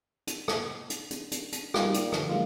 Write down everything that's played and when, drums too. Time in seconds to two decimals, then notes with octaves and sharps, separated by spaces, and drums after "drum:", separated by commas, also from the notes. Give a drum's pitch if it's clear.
0.27 drum: hi-hat
0.48 drum: rim click
0.90 drum: hi-hat
1.11 drum: hi-hat
1.31 drum: hi-hat
1.52 drum: hi-hat
1.74 G3 A#3 D#4 F4 G4 G#4, drum: rim click
1.94 A#3 D5, drum: hi-hat
2.12 D3 F3, drum: rim click
2.29 F#3 G#3 A#3 D#4 F4